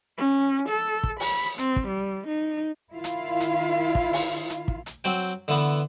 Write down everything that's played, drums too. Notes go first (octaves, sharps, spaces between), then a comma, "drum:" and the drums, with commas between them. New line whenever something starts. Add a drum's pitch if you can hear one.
C#4
A4
drum: kick
B5, drum: open hi-hat
C4, drum: hi-hat
drum: kick
G3
D#4
D#3 E4 F4 F5
drum: hi-hat
drum: hi-hat
drum: kick
drum: open hi-hat
drum: hi-hat
drum: kick
drum: hi-hat
F#3 C4 G5
D3 E3 B3